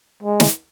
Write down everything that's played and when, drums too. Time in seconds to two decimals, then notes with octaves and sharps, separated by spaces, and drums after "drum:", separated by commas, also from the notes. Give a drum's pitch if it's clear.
0.23 G#3
0.40 drum: snare